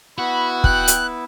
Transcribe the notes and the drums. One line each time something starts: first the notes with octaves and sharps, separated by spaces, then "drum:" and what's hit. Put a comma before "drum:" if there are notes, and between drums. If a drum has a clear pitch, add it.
B3 E4 F#4 B5
G5 F#6, drum: kick
drum: hi-hat